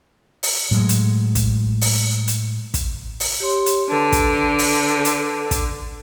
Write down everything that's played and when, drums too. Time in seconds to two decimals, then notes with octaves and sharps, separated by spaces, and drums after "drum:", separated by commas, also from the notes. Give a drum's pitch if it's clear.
0.43 drum: open hi-hat
0.71 A2 F#3 G#3
0.89 drum: hi-hat
1.35 drum: kick, hi-hat
1.81 drum: open hi-hat
2.28 drum: hi-hat
2.74 drum: kick, hi-hat
3.20 drum: open hi-hat
3.40 G4 C#5 C6
3.66 drum: hi-hat
3.89 D3 B4 A5
4.12 drum: kick, hi-hat
4.59 drum: open hi-hat
5.05 drum: hi-hat
5.51 drum: kick, hi-hat